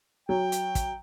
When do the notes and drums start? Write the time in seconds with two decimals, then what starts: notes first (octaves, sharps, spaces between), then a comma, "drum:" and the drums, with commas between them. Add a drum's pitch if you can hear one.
0.29 F#3 G5
0.52 drum: hi-hat
0.75 drum: kick, hi-hat